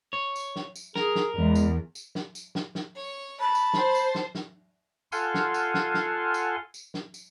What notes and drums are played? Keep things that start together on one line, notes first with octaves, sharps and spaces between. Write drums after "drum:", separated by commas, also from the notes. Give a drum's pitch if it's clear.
C#5
drum: tambourine
drum: snare
drum: tambourine
G#4 A#4, drum: snare
drum: snare
E2 G#3
drum: tambourine
drum: tambourine
drum: snare
drum: tambourine
drum: snare
drum: snare
C#5
A5 B5
drum: tambourine
C5, drum: snare
drum: tambourine
drum: snare
drum: snare
F4 A4 F5 F#5 G#5 C6, drum: tambourine
drum: snare
drum: tambourine
drum: snare
drum: snare
drum: tambourine
drum: tambourine
drum: snare
drum: tambourine